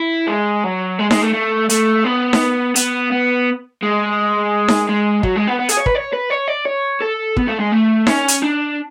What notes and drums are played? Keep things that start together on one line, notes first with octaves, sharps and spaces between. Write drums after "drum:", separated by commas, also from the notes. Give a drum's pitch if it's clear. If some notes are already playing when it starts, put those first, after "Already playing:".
Already playing: E4
G#3
F#3
G#3
G#3, drum: snare D#4
A3
A3
A3, drum: hi-hat
B3
drum: snare D#4
B3, drum: hi-hat
B3
G#3
drum: snare D#4
G#3
F#3, drum: kick
G#3
B3
B3
G#4, drum: hi-hat
C#5
B4, drum: kick
C#5
B4
C#5
D5
C#5
A4
B3, drum: kick
A3
G#3
A3
C#4, drum: snare D#4
drum: hi-hat
D4